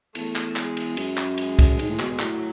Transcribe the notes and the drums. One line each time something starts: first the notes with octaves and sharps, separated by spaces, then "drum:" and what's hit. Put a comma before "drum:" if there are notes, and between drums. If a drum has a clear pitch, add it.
E2 A3, drum: cymbal
drum: clap
G#3, drum: clap
drum: cymbal
F#2, drum: cymbal
drum: clap
G#3, drum: cymbal
drum: kick, cymbal
G#2, drum: cymbal
A2
B2, drum: clap
B2
A2 F#3, drum: clap